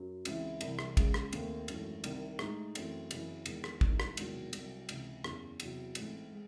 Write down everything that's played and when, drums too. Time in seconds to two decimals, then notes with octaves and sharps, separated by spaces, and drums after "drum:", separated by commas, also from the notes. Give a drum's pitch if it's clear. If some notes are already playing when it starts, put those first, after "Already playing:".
Already playing: F#2 F#3
0.25 C#2 C#3 E3 C4 E4, drum: cymbal
0.61 C2 C3 E3, drum: cymbal
0.79 drum: rim click
0.97 C#2 C#3 G#3, drum: kick, cymbal
1.14 drum: rim click
1.33 D#2 D#3 A3 C4, drum: cymbal
1.68 G#1 F#2 E3 A3, drum: cymbal
2.04 C2 C3 D#3, drum: cymbal
2.39 A2 G#3 D#4, drum: rim click
2.75 F#2 E3 A3 C4, drum: cymbal
3.11 F#1 F#2 C#3 E3 C4, drum: cymbal
3.46 E2 D#3 G#3, drum: cymbal
3.64 drum: rim click
3.81 C2 C3 E3 G#3 D#4, drum: kick
4.00 drum: rim click
4.17 E1 E2 C3 D#3 F#3, drum: cymbal
4.53 C2 C3 F#3, drum: cymbal
4.89 C#2 C3 E3, drum: cymbal
5.24 F#1 E2 C#3, drum: rim click
5.60 E2 C3 F#3, drum: cymbal
5.95 A1 G#2 E3 A3 C4, drum: cymbal
6.32 G#3